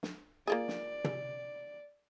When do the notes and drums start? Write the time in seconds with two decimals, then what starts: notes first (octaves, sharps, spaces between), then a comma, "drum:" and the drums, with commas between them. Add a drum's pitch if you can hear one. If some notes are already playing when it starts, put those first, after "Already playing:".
0.03 drum: snare
0.47 A#3 F4 G#4 D5
0.68 drum: snare
1.04 drum: tom